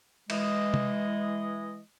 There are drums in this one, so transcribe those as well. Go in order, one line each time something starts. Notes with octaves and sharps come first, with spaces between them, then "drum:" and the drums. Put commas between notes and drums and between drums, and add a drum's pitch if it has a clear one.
E3 G#3 D#5, drum: cymbal
drum: tom C3